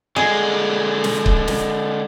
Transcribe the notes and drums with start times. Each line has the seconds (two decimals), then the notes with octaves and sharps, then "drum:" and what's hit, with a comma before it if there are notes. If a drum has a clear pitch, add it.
0.16 D3 G#3 G#4
1.04 drum: snare
1.26 drum: kick C#1
1.48 drum: snare